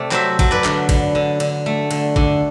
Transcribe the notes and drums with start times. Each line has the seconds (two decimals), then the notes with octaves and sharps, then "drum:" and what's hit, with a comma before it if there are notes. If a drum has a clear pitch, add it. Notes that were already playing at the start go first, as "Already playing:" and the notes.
Already playing: C3 A3 D5
0.11 F#3 C5 E5, drum: clap
0.39 F#3, drum: kick G#1, cymbal
0.51 B4 D5
0.64 D3, drum: clap
0.89 D3, drum: kick G#1, cymbal
1.15 D3
1.40 D3, drum: cymbal
1.66 A3
1.91 D3, drum: cymbal
2.16 D3, drum: kick G#1